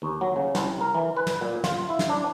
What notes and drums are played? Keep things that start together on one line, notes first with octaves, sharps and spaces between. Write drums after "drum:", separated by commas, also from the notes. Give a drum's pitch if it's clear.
D#2
F#3
C#3
C2, drum: snare
A#4
E3
B4
drum: snare
A#2
F4, drum: snare
E4
drum: snare
D4